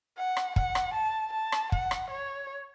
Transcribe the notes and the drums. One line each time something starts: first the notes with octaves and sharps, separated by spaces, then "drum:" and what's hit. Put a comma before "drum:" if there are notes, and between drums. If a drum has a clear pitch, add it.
F#5
drum: rim click
F#5, drum: kick
drum: rim click
A5
A5
drum: rim click
F#5, drum: kick
drum: rim click
C#5